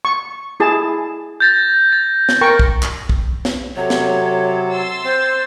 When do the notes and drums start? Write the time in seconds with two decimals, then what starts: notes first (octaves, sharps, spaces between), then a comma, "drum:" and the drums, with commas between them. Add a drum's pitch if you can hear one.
0.05 C#6
0.60 E4 G#4 A5
1.40 G6 A6 A#6
1.92 A6
2.29 drum: snare
2.41 A#4 G5 C#6 A#6
2.60 drum: kick
2.83 drum: clap
3.09 drum: kick
3.45 drum: snare
3.76 C3 F#3 A4 C#5
3.90 drum: snare
4.74 C6 E6 A6
5.05 C4 C5